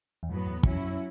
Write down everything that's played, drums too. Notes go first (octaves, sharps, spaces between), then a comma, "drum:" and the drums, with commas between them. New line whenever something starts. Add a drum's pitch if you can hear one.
E2
F#2 A2 F#3 B3
E2
E2 F#3 C#4 E4, drum: kick
F#2
F#2